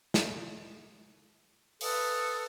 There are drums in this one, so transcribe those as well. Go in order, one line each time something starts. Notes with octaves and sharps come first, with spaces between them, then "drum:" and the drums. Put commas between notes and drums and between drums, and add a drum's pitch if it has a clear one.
drum: snare
A4 B4 D#6, drum: open hi-hat